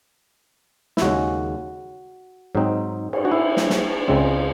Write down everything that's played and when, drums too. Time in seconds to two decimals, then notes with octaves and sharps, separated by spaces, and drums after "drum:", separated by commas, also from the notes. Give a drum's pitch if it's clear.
0.97 E4, drum: snare
1.02 D#2 C#3 G#3 C#4 F#4
2.55 G#2 F#3 C4 D#4
3.13 drum: cymbal
3.25 F#4
3.32 E4
3.57 drum: snare
3.70 drum: snare
4.08 C#2 C#3 G#3 C4